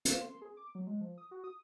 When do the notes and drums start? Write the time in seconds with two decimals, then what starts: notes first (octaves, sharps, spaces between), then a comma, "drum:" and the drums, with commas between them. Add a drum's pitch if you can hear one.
0.05 F5, drum: hi-hat
0.21 C6
0.42 G#4
0.57 D6
0.75 F#3
0.87 G#3
1.01 F3
1.18 D#6
1.31 F#4
1.44 D#6